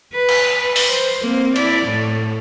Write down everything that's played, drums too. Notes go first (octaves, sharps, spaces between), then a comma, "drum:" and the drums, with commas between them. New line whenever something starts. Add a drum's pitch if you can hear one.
B4
drum: cymbal
drum: open hi-hat
C5
A#3 C4
E4 D5, drum: cymbal
A2